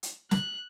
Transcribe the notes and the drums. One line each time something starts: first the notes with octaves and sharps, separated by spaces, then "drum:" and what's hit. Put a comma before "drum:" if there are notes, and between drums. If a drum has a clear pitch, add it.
drum: hi-hat
F#6, drum: snare